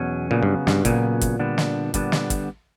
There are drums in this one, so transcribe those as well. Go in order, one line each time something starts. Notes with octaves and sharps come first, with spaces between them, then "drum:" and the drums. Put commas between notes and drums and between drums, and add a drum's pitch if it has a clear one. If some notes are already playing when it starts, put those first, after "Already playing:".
Already playing: E2 B2 F#3 C#4
A#2 C#3 F#3 B3
G2
G2, drum: snare
A#2 C#3 F#3 B3, drum: kick, hi-hat
drum: kick, hi-hat
D3 G3 B3 D4
drum: snare
D3 G3 B3 D4, drum: kick, hi-hat
drum: snare
drum: kick, hi-hat